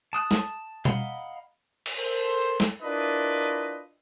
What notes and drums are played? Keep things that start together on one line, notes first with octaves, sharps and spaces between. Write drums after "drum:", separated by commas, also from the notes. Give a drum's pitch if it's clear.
A5 D#6 F#6
drum: snare
D#5 F5 F#5 A#5 B5, drum: tom B2
drum: cymbal
A4 A#4 C5
drum: snare
D4 E4 F4 A#4 B4 D#5